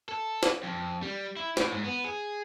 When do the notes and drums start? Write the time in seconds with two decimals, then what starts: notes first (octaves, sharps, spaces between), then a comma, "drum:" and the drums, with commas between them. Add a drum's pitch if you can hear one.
0.09 A4
0.43 drum: snare
0.63 F2
1.02 G3
1.37 E4
1.57 A2, drum: snare
1.72 G#2
1.84 B3
2.04 G#4